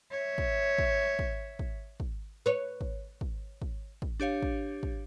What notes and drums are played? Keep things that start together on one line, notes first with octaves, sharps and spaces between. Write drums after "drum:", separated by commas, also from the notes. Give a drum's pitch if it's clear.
C#5 E5
drum: kick
drum: kick
drum: kick
drum: kick
drum: kick
B4 C#5
drum: kick
drum: kick
drum: kick
drum: kick
D4 G4 C#5 F5
drum: kick
drum: kick